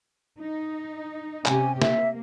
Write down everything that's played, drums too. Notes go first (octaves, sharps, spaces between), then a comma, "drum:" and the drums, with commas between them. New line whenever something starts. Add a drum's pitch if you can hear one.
D#4
C3 C#4 G4 G#5, drum: clap
A#3 E5, drum: snare